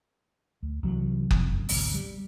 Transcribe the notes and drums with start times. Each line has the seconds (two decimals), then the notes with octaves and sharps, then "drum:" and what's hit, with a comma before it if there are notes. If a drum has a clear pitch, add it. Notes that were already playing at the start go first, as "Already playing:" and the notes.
0.63 D2
0.83 C2 E3 F#3
1.31 F2 C3, drum: kick F#1
1.52 F#1 C#2 F#2
1.69 G#1 D2 B2, drum: open hi-hat
1.94 G3